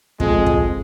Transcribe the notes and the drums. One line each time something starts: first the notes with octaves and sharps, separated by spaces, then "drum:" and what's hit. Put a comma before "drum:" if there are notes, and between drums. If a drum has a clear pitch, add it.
F2 G#3, drum: kick
drum: kick